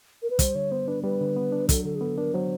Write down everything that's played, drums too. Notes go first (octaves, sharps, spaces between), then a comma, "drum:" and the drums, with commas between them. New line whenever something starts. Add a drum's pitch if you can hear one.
A#4
B4
G3 C5, drum: kick, hi-hat
D3 C#5
B3 C5
D4 B4
G3 B4
D3
B3
D4
F#3 A4, drum: kick, hi-hat
D3 A4
G#4
B3 A4
D4 A#4
F#3 C5